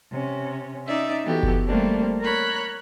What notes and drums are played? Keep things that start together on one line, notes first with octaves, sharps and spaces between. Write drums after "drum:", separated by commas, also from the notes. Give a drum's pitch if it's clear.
C3 C#4
C#4 D#4 D5 E5
E3 B3 F#4 G4 A4
drum: kick F#1
G3 A3 A#3 C4 D4
A#4 C#5 B5 F#6